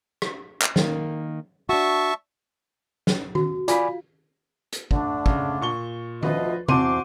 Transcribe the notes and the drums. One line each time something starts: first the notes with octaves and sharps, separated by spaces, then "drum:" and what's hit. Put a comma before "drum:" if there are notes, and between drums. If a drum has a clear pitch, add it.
drum: rim click
drum: clap
D#3 A#3, drum: snare
D4 F#4 E5 A5 C#6
drum: snare
F#4, drum: tom D#3
F4 D5 F5 G#5 B5, drum: hi-hat
drum: hi-hat
D3 A3 D4, drum: kick
C#3, drum: kick
A#2 C#6 G7
D2 F3 F4 B4 D#5, drum: tom D#3
E2 C4 F#4 C5 A5 C6 D6 D#7, drum: tom C3